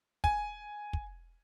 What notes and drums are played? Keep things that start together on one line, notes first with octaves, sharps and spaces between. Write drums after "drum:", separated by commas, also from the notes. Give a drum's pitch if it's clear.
G#5, drum: kick
drum: kick